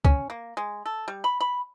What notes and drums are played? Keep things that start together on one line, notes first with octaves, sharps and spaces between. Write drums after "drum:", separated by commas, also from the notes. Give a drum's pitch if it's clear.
C#4, drum: kick
A#3
G#3
A4
G3
B5
B5